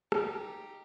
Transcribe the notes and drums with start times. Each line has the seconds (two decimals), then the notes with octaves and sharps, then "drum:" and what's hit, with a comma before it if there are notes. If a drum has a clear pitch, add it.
0.12 D#4 G4, drum: rim click